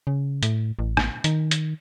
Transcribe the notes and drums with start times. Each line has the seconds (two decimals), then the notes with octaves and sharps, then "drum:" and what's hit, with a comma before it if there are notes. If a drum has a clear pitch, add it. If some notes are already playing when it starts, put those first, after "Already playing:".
0.07 C#3
0.43 A2, drum: hi-hat
0.79 A1
0.97 drum: rim click
1.24 D#3, drum: hi-hat
1.51 drum: hi-hat